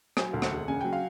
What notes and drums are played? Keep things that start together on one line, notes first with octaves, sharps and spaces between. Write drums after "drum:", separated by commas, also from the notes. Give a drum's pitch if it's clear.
F#3 G#5, drum: rim click
D2
F#5, drum: rim click
E1
C#3 G#5
G5
F#3
F5